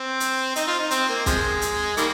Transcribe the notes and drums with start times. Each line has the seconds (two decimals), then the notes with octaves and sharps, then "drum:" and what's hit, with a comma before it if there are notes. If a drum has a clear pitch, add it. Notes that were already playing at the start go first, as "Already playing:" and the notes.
Already playing: C4
0.20 drum: hi-hat
0.56 D#4, drum: hi-hat
0.67 F4
0.79 D#4
0.91 C4, drum: hi-hat
1.09 A#3
1.26 C3 F3 G#3, drum: kick, hi-hat
1.61 drum: hi-hat
1.97 D#3 G3 A#3, drum: hi-hat